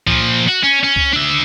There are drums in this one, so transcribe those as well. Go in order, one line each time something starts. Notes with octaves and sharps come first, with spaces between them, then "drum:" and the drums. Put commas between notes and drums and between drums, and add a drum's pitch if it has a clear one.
A#2 F3, drum: kick C2
F#4
C#4
C#4
drum: kick C2
D4 E5